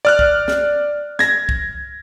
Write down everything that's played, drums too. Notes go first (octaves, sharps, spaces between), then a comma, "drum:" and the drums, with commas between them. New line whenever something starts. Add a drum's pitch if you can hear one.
D5 F6 F#6
drum: kick
drum: snare
G#6 A#6, drum: snare
drum: kick